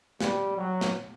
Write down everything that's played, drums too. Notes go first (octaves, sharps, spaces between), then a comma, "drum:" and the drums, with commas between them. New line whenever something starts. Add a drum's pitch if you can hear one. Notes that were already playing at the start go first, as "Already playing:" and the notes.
G3, drum: snare
F#3
drum: snare